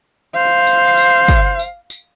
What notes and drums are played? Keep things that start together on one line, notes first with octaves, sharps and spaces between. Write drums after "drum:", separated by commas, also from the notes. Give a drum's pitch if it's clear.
C5 F5
drum: tambourine
drum: tambourine
drum: kick, tambourine
drum: tambourine
drum: tambourine